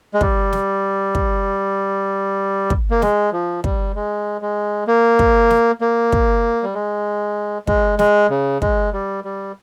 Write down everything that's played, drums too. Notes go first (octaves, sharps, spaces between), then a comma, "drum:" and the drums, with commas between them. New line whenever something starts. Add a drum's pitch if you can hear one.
G#3
G3, drum: kick
drum: snare
drum: kick
drum: kick
A#3
G#3, drum: snare
F3
G3, drum: kick
G#3
G#3
A#3
drum: kick
drum: snare
A#3
drum: kick
G3
G#3
G#3, drum: kick
G#3, drum: snare
C#3
G#3, drum: kick
G3
G3